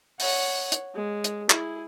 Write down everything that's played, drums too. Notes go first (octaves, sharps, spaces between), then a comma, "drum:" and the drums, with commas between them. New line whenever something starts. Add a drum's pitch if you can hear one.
C#5 F#5, drum: open hi-hat
drum: hi-hat
G#3
drum: hi-hat
E4 G#4, drum: clap